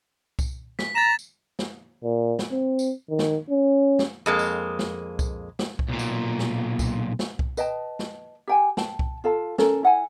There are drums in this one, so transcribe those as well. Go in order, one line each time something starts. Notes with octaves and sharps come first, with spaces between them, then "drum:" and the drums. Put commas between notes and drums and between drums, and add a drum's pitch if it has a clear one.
drum: kick C2, tambourine
B6, drum: snare
A#5 A6 E7
drum: tambourine
drum: snare
A#2
drum: snare
C4
drum: tambourine
D#3
drum: snare
C#4
drum: snare
F2 G#3 A#3
drum: tambourine
drum: snare
drum: kick C2, tambourine
drum: snare
drum: kick C2
B1 A#2
drum: tambourine
drum: snare
drum: kick C2, tambourine
drum: snare
drum: kick C2
B4 D#5 G5 A5, drum: tambourine
drum: snare
G4 G5 G#5
G5 A5, drum: snare
drum: kick C2
F4 A4 F5 A5
C#4 A4 A#4, drum: snare
E4 F#5 G#5